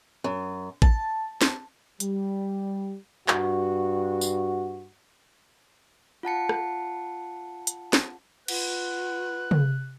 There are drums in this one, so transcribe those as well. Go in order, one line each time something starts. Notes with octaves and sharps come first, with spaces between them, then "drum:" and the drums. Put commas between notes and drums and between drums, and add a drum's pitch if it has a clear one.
F#2
A5, drum: kick A1
drum: snare
G3, drum: hi-hat
G2 F#4, drum: clap
drum: tambourine
F4 F#5 A5 C#7
drum: rim click
drum: hi-hat
drum: snare
F4 B4 F#5 F#6, drum: cymbal
drum: tom